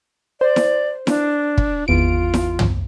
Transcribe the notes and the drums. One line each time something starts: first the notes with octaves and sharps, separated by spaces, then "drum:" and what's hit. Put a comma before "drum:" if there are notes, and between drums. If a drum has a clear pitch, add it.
C5 D5
drum: snare E4
D4, drum: snare E4
drum: kick
G#1 E2 F4 D7
drum: snare E4
drum: tom